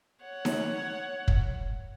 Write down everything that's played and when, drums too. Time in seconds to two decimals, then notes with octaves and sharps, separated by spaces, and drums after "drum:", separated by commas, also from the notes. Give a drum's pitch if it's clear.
0.24 C#5 F#5
0.45 drum: snare D#4
1.28 drum: kick